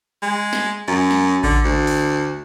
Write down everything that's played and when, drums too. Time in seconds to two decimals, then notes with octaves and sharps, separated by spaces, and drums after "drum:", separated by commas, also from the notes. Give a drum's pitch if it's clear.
0.23 G#3
0.53 drum: snare
0.88 F#2
1.11 drum: snare
1.44 D3, drum: kick A1
1.65 D2
1.87 drum: open hi-hat